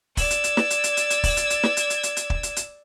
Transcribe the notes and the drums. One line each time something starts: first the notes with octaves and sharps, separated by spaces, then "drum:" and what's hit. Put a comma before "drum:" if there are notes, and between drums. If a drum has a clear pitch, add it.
D5 E6 G#6, drum: kick, open hi-hat
drum: hi-hat
drum: hi-hat
drum: snare
drum: hi-hat
drum: hi-hat
drum: hi-hat
drum: hi-hat
drum: kick, open hi-hat
drum: hi-hat
drum: hi-hat
drum: snare
drum: hi-hat
drum: hi-hat
drum: hi-hat
drum: hi-hat
drum: kick
drum: hi-hat
drum: hi-hat